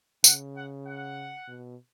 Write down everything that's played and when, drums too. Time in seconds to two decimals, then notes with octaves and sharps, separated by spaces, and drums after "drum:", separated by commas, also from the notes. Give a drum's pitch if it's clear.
0.24 C#3 F#5, drum: tambourine
0.55 F#5
0.86 F#5
1.48 B2